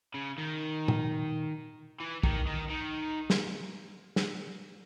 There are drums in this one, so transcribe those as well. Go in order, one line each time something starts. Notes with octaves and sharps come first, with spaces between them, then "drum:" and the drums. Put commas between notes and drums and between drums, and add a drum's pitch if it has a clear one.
C#3
D#3
drum: tom A#2
E3
D#3, drum: kick
D#3
D#3
drum: snare
drum: snare